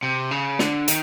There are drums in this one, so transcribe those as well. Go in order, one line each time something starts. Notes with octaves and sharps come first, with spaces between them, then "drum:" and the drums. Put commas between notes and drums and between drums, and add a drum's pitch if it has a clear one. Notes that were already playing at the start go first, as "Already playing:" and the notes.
C3
C#3
D3, drum: snare
D#3, drum: hi-hat